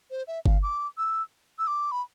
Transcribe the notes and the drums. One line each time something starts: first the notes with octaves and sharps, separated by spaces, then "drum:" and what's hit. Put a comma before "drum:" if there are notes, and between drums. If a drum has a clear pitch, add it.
C5
E5
F5, drum: kick G1
D6
E6
E6
D6
B5